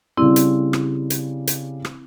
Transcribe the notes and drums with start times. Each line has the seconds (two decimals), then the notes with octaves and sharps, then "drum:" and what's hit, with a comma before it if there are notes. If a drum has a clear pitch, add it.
0.17 C#3 G3 C4 E4
0.36 drum: hi-hat
0.73 drum: rim click
1.10 drum: hi-hat
1.47 drum: hi-hat
1.85 drum: rim click